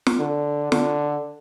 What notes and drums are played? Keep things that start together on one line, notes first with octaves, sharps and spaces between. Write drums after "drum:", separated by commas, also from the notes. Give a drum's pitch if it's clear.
drum: snare
D3
D3, drum: snare